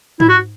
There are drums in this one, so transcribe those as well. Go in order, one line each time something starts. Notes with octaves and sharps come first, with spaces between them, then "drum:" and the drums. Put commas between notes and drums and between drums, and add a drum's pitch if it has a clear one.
E4, drum: tom G#2
F#4